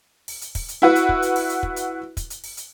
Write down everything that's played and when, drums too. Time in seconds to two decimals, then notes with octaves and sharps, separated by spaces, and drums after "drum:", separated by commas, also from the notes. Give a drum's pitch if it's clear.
0.28 drum: open hi-hat
0.42 drum: hi-hat
0.55 drum: kick, open hi-hat
0.68 drum: hi-hat
0.82 E4 F#4 B4
0.95 drum: hi-hat
1.09 drum: kick
1.22 drum: hi-hat
1.36 drum: open hi-hat
1.49 drum: hi-hat
1.63 drum: kick
1.76 drum: hi-hat
2.17 drum: kick, hi-hat
2.30 drum: hi-hat
2.44 drum: open hi-hat
2.57 drum: hi-hat